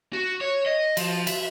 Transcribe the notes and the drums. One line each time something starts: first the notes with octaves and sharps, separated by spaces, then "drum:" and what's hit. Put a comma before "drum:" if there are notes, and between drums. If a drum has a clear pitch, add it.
F#4
C#5
D#5
F3, drum: cymbal
E5, drum: cymbal